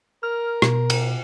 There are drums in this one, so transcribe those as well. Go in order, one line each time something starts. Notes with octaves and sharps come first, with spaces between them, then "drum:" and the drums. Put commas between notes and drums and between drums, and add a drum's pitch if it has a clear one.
A#4 F6
B2, drum: rim click
drum: cymbal